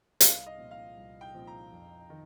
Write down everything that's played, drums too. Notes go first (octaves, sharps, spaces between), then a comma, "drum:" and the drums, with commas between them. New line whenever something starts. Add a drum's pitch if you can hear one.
C2 F5, drum: hi-hat
D#5
A#2 F3 C4
F5
C2
G5
A#2 F3 C4
A#5
F2
D#3